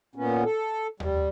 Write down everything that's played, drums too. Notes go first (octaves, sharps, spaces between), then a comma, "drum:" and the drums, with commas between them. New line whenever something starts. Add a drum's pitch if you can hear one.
A#2 B3 C#4
A4
G3, drum: tom D#2